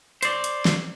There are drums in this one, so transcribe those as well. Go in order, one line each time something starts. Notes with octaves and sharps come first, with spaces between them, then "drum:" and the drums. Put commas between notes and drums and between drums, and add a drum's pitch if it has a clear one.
C5 D5, drum: hi-hat
drum: hi-hat
drum: snare